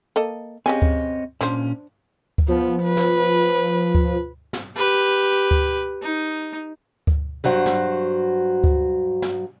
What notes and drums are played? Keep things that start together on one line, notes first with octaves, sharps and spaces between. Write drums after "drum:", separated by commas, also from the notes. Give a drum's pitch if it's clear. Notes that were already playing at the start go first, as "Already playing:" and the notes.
A#3 A4 D#5
C#3 C4 G4 C#5 D#5 G#5
drum: kick D2
A#2 C#4 D4 C5, drum: snare
drum: kick D2
F3 B3
B4
drum: snare
drum: kick D2
drum: snare
G4 B4
drum: kick D2
D#4
drum: kick D2
G2 F#3 F#4 C5
drum: snare
drum: kick D2
drum: snare